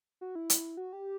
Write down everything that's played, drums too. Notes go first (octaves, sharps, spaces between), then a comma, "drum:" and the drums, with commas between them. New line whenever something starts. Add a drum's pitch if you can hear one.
F#4
E4
drum: hi-hat
F#4
G4